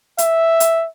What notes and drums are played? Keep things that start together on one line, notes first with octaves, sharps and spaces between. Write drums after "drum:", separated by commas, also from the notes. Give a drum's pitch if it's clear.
E5, drum: hi-hat
drum: hi-hat